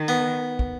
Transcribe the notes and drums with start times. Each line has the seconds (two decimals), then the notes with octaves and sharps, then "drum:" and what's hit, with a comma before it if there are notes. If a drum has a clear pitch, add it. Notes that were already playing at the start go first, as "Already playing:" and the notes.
Already playing: D#3
0.08 B3
0.59 drum: kick